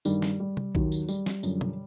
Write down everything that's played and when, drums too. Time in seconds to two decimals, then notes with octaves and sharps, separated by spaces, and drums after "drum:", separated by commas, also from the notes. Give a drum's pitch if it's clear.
0.05 G2 D#3 G3, drum: tambourine
0.22 drum: snare
0.40 G3
0.57 drum: tom
0.75 D#2 D#3 F#3, drum: kick A#1
0.92 drum: tambourine
1.08 G3, drum: tambourine
1.26 drum: snare
1.43 F#2 D3 F3, drum: tambourine
1.61 drum: tom